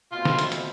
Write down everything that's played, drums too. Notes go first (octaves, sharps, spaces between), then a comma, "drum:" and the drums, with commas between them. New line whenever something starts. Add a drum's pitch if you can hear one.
B2 A3 C4 F4
drum: snare
drum: hi-hat
drum: hi-hat